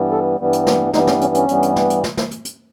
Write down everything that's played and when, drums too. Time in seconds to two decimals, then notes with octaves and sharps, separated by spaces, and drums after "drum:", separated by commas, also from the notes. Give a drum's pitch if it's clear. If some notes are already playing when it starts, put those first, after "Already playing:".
Already playing: G2 E3 G3 B3
0.11 A4
0.39 G2 E3 G3 B3
0.53 drum: hi-hat
0.67 drum: snare
0.93 G2 E3 G3 B3 D#4, drum: snare
1.07 C#4, drum: snare
1.21 C#4, drum: hi-hat
1.35 C#4, drum: hi-hat
1.49 G2 E3 G3 B3, drum: hi-hat
1.63 drum: hi-hat
1.76 drum: snare
1.90 drum: hi-hat
2.04 drum: snare
2.17 drum: snare
2.31 drum: hi-hat
2.45 drum: hi-hat